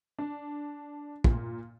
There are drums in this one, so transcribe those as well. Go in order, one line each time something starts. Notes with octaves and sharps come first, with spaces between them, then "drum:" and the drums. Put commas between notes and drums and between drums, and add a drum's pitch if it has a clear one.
D4
A#2, drum: kick